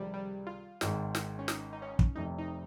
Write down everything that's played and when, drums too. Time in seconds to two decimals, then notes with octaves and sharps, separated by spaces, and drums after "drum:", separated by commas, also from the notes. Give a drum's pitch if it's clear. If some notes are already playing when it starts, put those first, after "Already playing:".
Already playing: C#2 C3 D#3 F3 G3
0.14 G3
0.47 F4
0.81 G#1 G#2 D#3, drum: snare
1.15 drum: snare
1.39 C#4
1.48 D#4, drum: snare
1.73 D#4
1.82 C#4
1.99 drum: kick
2.15 F1 F2 C3 G3 D#4
2.38 D#4